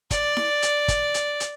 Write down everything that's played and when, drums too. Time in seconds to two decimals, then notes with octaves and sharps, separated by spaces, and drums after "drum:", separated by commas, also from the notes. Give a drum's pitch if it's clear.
0.11 D5, drum: kick, hi-hat
0.37 drum: snare E4
0.62 drum: hi-hat
0.88 drum: kick, hi-hat
1.14 drum: hi-hat
1.40 drum: hi-hat